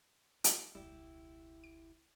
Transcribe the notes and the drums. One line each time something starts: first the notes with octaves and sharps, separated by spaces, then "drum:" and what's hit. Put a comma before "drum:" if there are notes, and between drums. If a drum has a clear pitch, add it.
D#3 D#4 F4 G4, drum: hi-hat
E1 C#2 G3 E4 G4
D7